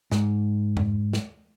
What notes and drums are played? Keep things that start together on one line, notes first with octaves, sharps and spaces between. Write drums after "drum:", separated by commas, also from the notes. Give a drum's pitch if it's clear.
G#2, drum: snare
drum: tom F2
drum: snare